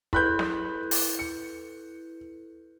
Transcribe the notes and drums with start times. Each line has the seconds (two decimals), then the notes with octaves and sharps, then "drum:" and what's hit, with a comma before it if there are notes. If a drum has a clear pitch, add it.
0.13 E4 A4 B4 B5 F#6 G6, drum: kick
0.39 drum: snare
0.91 drum: open hi-hat
1.19 C#7